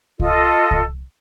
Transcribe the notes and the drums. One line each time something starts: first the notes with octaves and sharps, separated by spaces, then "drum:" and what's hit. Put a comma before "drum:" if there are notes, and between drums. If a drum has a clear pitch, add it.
F4 A4 D#5, drum: kick C2
drum: kick C2